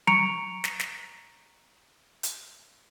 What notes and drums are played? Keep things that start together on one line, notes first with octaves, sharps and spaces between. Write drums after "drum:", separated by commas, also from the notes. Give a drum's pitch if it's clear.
A#5 C#6 C#7 D7 F7, drum: tom F#3
drum: snare
drum: snare
drum: hi-hat